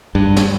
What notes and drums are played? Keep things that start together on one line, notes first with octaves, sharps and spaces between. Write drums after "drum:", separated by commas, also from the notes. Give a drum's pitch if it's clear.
G2
drum: snare